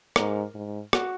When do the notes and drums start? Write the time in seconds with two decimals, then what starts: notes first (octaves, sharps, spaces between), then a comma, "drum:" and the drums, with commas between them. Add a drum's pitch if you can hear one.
0.16 G#2 A#4, drum: rim click
0.54 G#2
0.93 F#4, drum: rim click